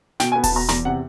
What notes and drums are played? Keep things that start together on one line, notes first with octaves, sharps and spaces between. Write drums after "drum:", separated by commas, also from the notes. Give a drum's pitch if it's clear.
B2 G5, drum: snare
G#5
B3
A5, drum: kick D#1, open hi-hat
B2 A#5
E2 A#5, drum: snare
C3 F#5